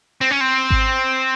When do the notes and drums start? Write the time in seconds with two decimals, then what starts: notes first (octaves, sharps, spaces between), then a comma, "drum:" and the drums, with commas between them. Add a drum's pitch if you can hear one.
0.21 C4
0.31 C#4
0.41 C4
0.70 drum: kick G#1